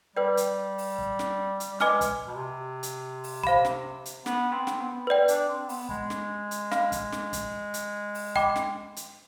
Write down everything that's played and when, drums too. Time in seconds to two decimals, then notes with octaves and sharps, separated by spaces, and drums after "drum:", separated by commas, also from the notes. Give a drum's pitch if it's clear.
0.16 G3 B4 D5 G5
0.37 drum: hi-hat
0.78 drum: open hi-hat
0.99 drum: kick
1.19 drum: snare
1.60 drum: hi-hat
1.71 G3
1.80 G#3 B4 D#5 G#5 D6 F6, drum: snare
2.01 drum: kick, hi-hat
2.27 B2
2.34 C3
2.83 drum: hi-hat
3.24 drum: open hi-hat
3.44 C5 F5 B5, drum: kick
3.65 drum: snare
4.05 drum: hi-hat
4.26 B3, drum: snare
4.53 C4
4.67 drum: snare
4.81 B3
5.07 B4 D5 G5
5.28 D4, drum: hi-hat
5.48 C4
5.69 B3, drum: open hi-hat
5.89 G#3, drum: kick
6.10 drum: snare
6.51 drum: hi-hat
6.71 F5 B5 F6, drum: snare
6.92 drum: kick, hi-hat
7.12 drum: snare
7.33 drum: kick, hi-hat
7.74 drum: hi-hat
8.15 drum: open hi-hat
8.36 D#5 G5 B5 D6, drum: kick
8.56 drum: snare
8.96 drum: hi-hat